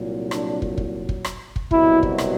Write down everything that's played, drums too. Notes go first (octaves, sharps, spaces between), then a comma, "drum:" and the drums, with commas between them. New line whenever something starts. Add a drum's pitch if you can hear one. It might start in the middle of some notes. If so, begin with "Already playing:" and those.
Already playing: C2 A#2 F#3
D4, drum: rim click
drum: kick
drum: kick
drum: kick
drum: rim click
drum: kick
C2 B2 F#3 E4, drum: kick
drum: kick
drum: rim click